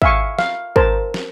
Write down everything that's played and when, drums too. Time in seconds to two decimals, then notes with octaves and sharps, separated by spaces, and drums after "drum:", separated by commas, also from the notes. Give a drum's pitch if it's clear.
0.02 E5 F5 G#5 C#6, drum: kick
0.39 F5, drum: snare
0.76 A#4 C5 A5, drum: kick
1.14 drum: snare